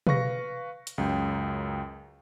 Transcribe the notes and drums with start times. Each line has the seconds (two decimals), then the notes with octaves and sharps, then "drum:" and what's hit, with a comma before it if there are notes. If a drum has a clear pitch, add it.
0.07 B4 F5 C#6 A#6, drum: tom B2
0.87 drum: hi-hat
0.98 C#2 F#2 G5